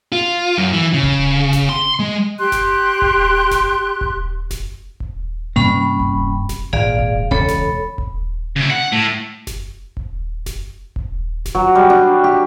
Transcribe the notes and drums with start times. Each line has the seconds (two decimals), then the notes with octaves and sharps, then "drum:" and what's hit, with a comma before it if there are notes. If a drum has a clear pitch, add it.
0.12 F4
0.58 F#2
0.73 E3
0.94 C#3
1.03 drum: kick D#1
1.53 drum: snare F#1
1.69 C6
1.99 G#3
2.38 G4 C6 F#6
2.52 drum: snare F#1
3.02 drum: kick D#1
3.51 drum: snare F#1
4.01 drum: kick D#1
4.51 drum: snare F#1
5.00 drum: kick D#1
5.56 G2 C3 G3 A#3 C#4 B5
6.00 drum: kick D#1
6.49 drum: snare F#1
6.73 G#1 A#2 G#4 D5 F5
6.99 drum: kick D#1
7.31 E1 C#2 C#4 A4 C#5 B5
7.48 drum: snare F#1
7.98 drum: kick D#1
8.56 C#3 E4
8.71 F#5
8.92 A2
9.47 drum: snare F#1
9.97 drum: kick D#1
10.46 drum: snare F#1
10.96 drum: kick D#1
11.46 drum: snare F#1
11.55 F#3
11.75 G3
11.90 D4
12.24 G4